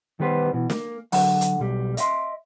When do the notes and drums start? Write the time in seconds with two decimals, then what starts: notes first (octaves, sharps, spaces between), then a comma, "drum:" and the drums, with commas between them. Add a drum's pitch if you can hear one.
0.20 D#3 G3 B3 B4 C5
0.54 B2 E3
0.70 A#3, drum: snare
1.12 D3 F#3 F#5, drum: open hi-hat
1.41 drum: hi-hat
1.60 B1 G3
1.97 D#5 E5 C6, drum: hi-hat